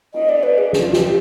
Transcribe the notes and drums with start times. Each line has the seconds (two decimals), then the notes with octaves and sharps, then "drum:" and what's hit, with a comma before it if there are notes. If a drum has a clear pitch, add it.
0.14 D#5, drum: cymbal
0.29 D5
0.43 B4
0.58 G#4
0.73 drum: snare
0.82 F4
0.93 G4, drum: snare